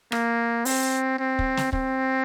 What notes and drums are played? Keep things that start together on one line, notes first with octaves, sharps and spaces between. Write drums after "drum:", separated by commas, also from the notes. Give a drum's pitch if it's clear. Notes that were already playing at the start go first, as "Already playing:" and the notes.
A#3, drum: rim click
C4, drum: open hi-hat
C4
drum: kick
drum: snare
C4, drum: kick